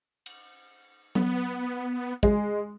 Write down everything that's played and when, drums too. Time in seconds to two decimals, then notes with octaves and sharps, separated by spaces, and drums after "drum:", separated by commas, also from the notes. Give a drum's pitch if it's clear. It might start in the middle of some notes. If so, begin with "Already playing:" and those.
0.26 drum: cymbal
1.15 B3, drum: tom F#3
2.23 G#3, drum: kick